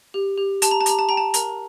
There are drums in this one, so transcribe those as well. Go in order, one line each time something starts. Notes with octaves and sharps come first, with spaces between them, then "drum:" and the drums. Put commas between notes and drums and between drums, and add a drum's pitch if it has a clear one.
G4
G4
G4 A5, drum: hi-hat
A#5
A5
G4 A#5, drum: hi-hat
A5
G5 A#5
A5
A#4 A#5, drum: hi-hat